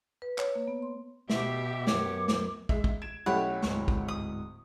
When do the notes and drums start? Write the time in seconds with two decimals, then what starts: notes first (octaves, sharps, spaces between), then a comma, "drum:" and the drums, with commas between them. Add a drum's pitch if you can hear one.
0.22 B4
0.38 C#5, drum: clap
0.55 A#3
0.68 B3
0.82 C6
1.30 B2 G4 E5, drum: snare
1.87 F#2 B3 C#5 D6, drum: snare
2.28 drum: snare
2.69 G#3 E5, drum: kick
2.84 drum: kick
3.02 G#6 D7 E7
3.26 B1 A3 C#4 E4 G4 C#5 F#5 B5
3.62 D1 G#2 C#6, drum: snare
3.88 drum: kick
4.08 D#6